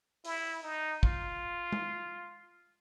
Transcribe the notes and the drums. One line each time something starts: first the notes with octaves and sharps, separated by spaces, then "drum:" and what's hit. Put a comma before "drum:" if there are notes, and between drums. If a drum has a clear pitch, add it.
E4, drum: open hi-hat
D#4
F4, drum: kick
drum: tom G#3